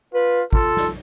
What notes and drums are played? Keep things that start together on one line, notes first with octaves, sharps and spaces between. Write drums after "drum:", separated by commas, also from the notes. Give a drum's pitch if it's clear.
F4 B4
F4 A4, drum: kick
drum: snare